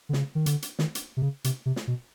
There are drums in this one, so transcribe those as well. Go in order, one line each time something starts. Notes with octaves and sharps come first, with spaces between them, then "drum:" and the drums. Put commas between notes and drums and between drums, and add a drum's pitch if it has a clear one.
D3
C#3, drum: snare
D#3
D3, drum: hi-hat
drum: hi-hat
D#3, drum: snare
drum: hi-hat
C3
C#3
C3, drum: hi-hat
C3
drum: snare
B2